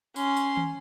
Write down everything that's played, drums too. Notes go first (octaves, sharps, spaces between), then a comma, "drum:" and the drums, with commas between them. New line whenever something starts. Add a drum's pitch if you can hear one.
C#4 C6, drum: tambourine
drum: tambourine
drum: tom